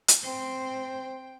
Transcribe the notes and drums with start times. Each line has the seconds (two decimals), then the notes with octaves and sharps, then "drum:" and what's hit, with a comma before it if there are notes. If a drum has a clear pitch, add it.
0.08 drum: hi-hat
0.24 C4 C5 G5